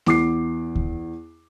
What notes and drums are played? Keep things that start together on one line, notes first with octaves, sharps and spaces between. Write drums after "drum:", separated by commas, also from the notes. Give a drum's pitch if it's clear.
E2 D6 C7, drum: snare A3
drum: kick D2